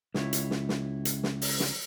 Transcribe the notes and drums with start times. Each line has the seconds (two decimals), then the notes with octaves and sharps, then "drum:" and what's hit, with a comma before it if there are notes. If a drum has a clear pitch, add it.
0.14 C#2 E4 C#5, drum: snare
0.33 drum: hi-hat
0.51 drum: snare
0.69 drum: snare
1.05 drum: hi-hat
1.23 drum: snare
1.42 drum: open hi-hat
1.60 drum: snare